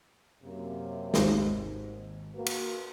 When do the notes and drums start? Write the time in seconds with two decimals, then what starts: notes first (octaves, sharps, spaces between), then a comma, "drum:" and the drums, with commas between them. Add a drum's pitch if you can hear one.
0.43 F#2 C3 A#3
1.14 G#1 D#2 G#2, drum: snare
2.34 A#3 F#4 B4
2.46 drum: cymbal